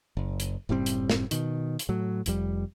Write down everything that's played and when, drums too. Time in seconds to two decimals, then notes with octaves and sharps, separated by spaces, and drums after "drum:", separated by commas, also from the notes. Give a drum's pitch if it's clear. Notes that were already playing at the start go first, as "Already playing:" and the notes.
0.17 F#1
0.40 drum: hi-hat
0.69 F#1 A2 G3 C4
0.86 drum: hi-hat
1.10 drum: snare
1.31 B2 D#3, drum: hi-hat
1.79 drum: hi-hat
1.89 A2 F#3
2.26 F1 F2 G3, drum: hi-hat